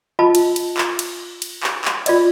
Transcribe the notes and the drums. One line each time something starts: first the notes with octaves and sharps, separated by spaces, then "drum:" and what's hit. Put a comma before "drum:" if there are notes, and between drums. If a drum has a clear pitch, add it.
F4 D#5 A5 B5
drum: cymbal
drum: cymbal
drum: clap
drum: cymbal
drum: cymbal
drum: clap
drum: clap
F4 D5 D#5, drum: cymbal